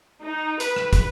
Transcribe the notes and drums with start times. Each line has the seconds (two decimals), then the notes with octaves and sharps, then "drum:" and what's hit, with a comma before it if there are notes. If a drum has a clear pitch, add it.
0.22 D#4
0.60 B4, drum: hi-hat
0.76 drum: rim click
0.93 drum: kick, hi-hat